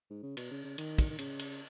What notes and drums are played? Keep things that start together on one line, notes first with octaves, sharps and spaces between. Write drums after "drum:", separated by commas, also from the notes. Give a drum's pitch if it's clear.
G#2
C#3
B2, drum: cymbal
C#3
C#3
D#3, drum: cymbal
drum: kick, cymbal
D#3
C#3, drum: cymbal
drum: cymbal